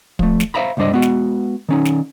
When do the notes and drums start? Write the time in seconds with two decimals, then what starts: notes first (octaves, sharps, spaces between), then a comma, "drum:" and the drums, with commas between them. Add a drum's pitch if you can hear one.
0.19 F3 A3, drum: kick
0.40 drum: snare
0.54 C5 D5 E5 F5 A#5 B5
0.77 C#2 G2 G3 D4 C5 D#5
0.92 G#3 B3 F#4
1.02 drum: snare
1.69 D#3 C#4 D#4
1.85 drum: snare